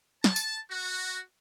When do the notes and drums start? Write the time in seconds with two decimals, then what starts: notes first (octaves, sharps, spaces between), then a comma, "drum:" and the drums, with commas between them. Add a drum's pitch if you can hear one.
0.24 A5, drum: snare
0.36 drum: tambourine
0.72 F#4